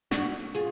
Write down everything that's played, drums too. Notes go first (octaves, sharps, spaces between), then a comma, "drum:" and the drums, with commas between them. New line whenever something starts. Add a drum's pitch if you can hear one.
D4 F#4, drum: snare
F4 G#4